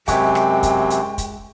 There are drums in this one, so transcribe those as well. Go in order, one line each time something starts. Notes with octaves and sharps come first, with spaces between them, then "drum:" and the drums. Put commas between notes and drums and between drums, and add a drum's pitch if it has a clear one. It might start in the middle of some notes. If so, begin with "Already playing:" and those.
F#2 C3 G#3 F#4 G5 G#5, drum: kick, hi-hat
drum: rim click
drum: kick, hi-hat
drum: hi-hat
drum: kick, hi-hat